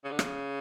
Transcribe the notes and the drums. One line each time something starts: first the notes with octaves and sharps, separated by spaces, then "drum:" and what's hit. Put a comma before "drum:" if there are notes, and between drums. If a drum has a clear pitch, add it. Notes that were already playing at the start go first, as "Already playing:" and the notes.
C#3
D3
C#3, drum: rim click